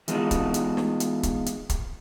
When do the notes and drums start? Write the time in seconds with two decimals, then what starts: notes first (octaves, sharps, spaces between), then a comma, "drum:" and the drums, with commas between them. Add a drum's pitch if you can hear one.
0.08 E3 G#3 B3 C4 D#4 F4, drum: hi-hat
0.31 drum: kick, hi-hat
0.54 drum: hi-hat
0.77 drum: snare
1.00 drum: hi-hat
1.23 drum: kick, hi-hat
1.46 drum: hi-hat
1.70 drum: kick, hi-hat